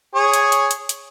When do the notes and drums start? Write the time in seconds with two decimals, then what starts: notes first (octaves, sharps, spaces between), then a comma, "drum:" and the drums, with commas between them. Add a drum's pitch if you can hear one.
0.15 G#4 C#5
0.34 drum: hi-hat
0.52 drum: hi-hat
0.71 drum: hi-hat
0.89 drum: hi-hat